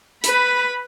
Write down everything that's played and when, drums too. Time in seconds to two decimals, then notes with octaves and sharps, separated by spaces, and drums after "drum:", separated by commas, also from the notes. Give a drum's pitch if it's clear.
0.24 B4 B5, drum: hi-hat